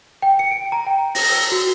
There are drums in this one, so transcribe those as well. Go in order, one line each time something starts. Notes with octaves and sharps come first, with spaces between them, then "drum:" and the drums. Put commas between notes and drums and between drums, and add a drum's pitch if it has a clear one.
G5
C#7
D7
A#5
G5
A#6, drum: open hi-hat
E6
F#4